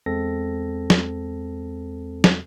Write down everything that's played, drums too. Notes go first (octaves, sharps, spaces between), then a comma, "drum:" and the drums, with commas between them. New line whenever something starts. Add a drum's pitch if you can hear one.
E2 G#3 C4 A4 A#6
drum: snare
drum: snare